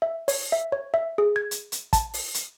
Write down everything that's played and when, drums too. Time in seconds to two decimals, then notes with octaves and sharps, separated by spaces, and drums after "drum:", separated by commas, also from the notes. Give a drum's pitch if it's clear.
0.02 E5
0.28 C#5, drum: open hi-hat
0.52 E5
0.72 C#5
0.94 E5
1.18 G#4
1.36 G#6
1.51 drum: hi-hat
1.72 drum: hi-hat
1.93 A5, drum: kick, hi-hat
2.14 drum: open hi-hat
2.34 drum: hi-hat